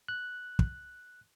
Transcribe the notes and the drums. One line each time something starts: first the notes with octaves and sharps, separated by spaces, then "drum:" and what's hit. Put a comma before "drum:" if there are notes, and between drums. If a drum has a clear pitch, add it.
F#6
drum: kick